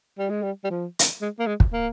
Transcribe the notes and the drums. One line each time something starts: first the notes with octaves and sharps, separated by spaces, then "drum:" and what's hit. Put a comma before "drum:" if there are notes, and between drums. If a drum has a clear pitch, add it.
G3
G#3
G3
G3
F3
drum: hi-hat
G#3
A#3
G#3
drum: kick
A#3